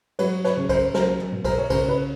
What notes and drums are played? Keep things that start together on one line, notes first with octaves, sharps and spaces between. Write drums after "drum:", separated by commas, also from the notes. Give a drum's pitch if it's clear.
F#3 B4 C#5, drum: cymbal
B4 C#5, drum: snare
C#2
A#4 C5, drum: kick B1, cymbal
F#3 A#4 C5, drum: snare
drum: tom
B2
A#4 C5, drum: kick B1, cymbal
C#5
C#3 A#4 C5, drum: kick B1, cymbal
B4 C#5